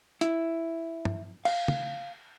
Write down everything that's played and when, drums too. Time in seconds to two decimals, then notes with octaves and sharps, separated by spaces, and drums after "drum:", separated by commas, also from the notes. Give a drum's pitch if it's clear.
0.21 E4, drum: hi-hat
1.05 drum: tom
1.45 F5, drum: cymbal
1.68 drum: tom